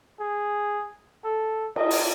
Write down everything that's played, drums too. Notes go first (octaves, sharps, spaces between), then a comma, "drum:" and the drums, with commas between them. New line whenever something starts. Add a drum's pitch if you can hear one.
G#4
A4
D#5, drum: cymbal
drum: open hi-hat